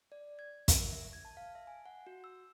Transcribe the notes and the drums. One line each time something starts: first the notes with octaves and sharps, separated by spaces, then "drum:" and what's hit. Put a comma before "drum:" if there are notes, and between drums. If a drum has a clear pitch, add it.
D5
G#6
A#4, drum: kick, hi-hat
E5
G#6
A5
F5
E5
G#5
F#5
F#4
E6